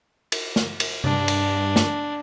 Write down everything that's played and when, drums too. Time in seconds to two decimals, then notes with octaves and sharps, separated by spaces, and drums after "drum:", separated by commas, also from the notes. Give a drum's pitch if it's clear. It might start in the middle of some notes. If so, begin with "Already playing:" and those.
0.32 drum: cymbal
0.56 drum: snare
0.80 drum: cymbal
1.04 G2 D4, drum: tom C3
1.28 drum: cymbal
1.76 drum: snare